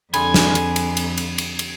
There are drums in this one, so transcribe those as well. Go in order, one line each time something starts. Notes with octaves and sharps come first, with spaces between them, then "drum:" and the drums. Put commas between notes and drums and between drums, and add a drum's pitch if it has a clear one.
F2 D3 G3 G#4 G#5 B5 C6, drum: cymbal
drum: snare
drum: cymbal
drum: cymbal
drum: cymbal
drum: cymbal
drum: cymbal
drum: cymbal